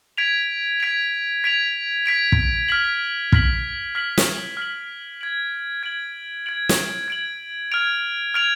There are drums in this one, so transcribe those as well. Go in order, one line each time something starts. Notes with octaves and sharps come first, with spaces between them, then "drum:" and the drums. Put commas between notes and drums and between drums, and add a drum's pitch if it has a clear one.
G#6 B6 D7 F7
G#6 B6 D7 F7
G#6 B6 D7 F7
G#6 B6 D7 F7
drum: kick
F6 B6 F#7
F6 B6 F#7, drum: kick
F6 B6 F#7
drum: snare
F6 B6 F#7
G#6 D7 F#7
G#6 D7 F#7
G#6 D7 F#7
drum: snare
G#6 D7 F#7
F6 G#6 D7 F7
F6 G#6 D7 F7